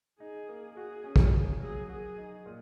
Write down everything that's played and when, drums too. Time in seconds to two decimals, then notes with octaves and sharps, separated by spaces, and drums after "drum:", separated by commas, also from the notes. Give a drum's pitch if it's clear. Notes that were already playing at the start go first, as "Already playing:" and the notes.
0.20 D#4 G#4
0.49 A#3
0.76 F#4 G#4
1.04 C#4
1.16 drum: kick
1.33 A#3 G#4
1.61 F#3 G#4
1.89 F#4 G#4
2.18 D#4
2.46 A#2